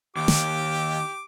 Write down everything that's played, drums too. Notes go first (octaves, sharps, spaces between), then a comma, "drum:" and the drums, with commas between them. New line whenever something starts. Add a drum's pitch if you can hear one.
D#2 G4 D6
drum: snare